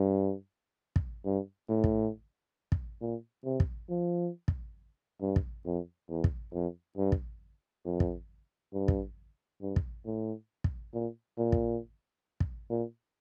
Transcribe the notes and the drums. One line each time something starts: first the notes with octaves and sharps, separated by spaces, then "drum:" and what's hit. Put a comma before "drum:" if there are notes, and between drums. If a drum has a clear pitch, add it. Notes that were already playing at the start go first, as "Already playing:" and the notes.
Already playing: G2
drum: kick
G2
A2
drum: kick
drum: kick
A#2
C3
drum: kick
F3
drum: kick
G2
drum: kick
F2
E2
drum: kick
F2
G2
drum: kick
F2
drum: kick
G2
drum: kick
G2
drum: kick
A2
drum: kick
A#2
A#2
drum: kick
drum: kick
A#2